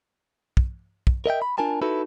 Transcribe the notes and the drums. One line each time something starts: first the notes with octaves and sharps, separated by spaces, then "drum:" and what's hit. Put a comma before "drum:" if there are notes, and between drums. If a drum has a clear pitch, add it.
drum: kick
drum: kick
A#4 D#5 E5 G5
B5
D4 F4 A#4 G#5 A5
D#4 E4 F#4 A4 B4